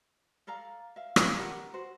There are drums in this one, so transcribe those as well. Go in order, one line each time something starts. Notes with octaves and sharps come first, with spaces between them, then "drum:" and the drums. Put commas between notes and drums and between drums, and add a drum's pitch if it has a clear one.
A4 D5 F5 A#5
E5 F5
drum: rim click
D4 G4 A#4 F#5
F#4 C5